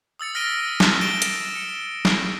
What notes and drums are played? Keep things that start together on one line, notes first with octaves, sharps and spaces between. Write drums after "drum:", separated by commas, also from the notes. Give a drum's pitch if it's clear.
D#6 E6 A6 C#7
F6 A#6 B6 D7 D#7 G7
drum: snare
F6 A6 D7 E7 G7
drum: hi-hat
C#7
drum: snare